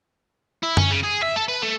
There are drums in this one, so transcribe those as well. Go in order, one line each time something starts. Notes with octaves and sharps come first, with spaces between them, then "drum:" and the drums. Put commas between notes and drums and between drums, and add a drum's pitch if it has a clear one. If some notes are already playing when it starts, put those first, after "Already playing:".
E4
C#4, drum: tom F#2
C#3
G#4
E5
A4
B4
A3